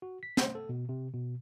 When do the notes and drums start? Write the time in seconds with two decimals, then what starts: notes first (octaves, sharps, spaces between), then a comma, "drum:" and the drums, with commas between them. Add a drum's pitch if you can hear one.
0.02 F#4
0.23 B6
0.37 C5, drum: snare
0.55 A4
0.69 B2
0.89 C3
1.14 B2